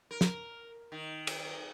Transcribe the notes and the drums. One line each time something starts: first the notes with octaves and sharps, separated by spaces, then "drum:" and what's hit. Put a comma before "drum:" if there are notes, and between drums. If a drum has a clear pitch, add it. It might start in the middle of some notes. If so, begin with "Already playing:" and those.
A#4
drum: snare
D#3
drum: cymbal